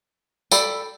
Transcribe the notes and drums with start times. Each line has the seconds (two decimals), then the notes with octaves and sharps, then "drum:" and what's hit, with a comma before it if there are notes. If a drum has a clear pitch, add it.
0.52 A4 D5 G5 B5, drum: tambourine